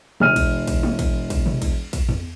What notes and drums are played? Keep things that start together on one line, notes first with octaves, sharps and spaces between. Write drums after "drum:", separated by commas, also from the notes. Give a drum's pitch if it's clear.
E1 F6 D#7, drum: tom B2
drum: kick, cymbal
drum: kick, cymbal
drum: tom G#3
drum: kick, cymbal
drum: kick, cymbal
drum: tom B2
drum: kick, cymbal
drum: kick, cymbal
drum: tom E2